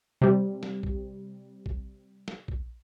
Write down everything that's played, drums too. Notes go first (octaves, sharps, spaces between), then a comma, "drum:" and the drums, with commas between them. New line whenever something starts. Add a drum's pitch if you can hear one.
C3 G3
drum: snare
drum: kick A#1
drum: kick A#1
drum: snare
drum: kick A#1